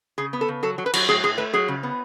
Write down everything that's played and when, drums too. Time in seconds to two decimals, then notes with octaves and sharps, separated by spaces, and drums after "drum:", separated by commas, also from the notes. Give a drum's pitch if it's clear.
0.18 C#3 G#4
0.33 B3
0.41 A4
0.48 C#3
0.63 F#3 A4
0.78 F#3
0.86 B4
0.93 F#3, drum: cymbal
1.08 A2 G#4
1.23 A2 G#4
1.38 A3 B4
1.53 F#3 G#4
1.68 C#3
1.83 B3